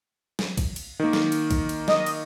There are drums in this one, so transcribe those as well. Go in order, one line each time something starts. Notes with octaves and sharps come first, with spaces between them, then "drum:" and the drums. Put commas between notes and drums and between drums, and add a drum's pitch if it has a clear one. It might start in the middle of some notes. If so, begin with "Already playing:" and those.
drum: snare
drum: kick A#1, cymbal
drum: cymbal
D#3 A#3
drum: snare
drum: cymbal
drum: kick A#1, cymbal
drum: cymbal
D#5, drum: snare
drum: cymbal